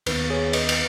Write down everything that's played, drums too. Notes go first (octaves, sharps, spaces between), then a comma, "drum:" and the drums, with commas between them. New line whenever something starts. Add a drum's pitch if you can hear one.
D#2 D#3 B3 B4, drum: cymbal
G#4 C#5
B4 D#5, drum: cymbal
drum: cymbal